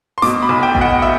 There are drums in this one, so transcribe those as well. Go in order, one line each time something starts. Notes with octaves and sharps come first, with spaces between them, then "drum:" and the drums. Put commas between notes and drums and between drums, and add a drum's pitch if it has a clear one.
C6
B2 D6, drum: snare
B5
B1
G5
B2, drum: kick A1
F#5
E5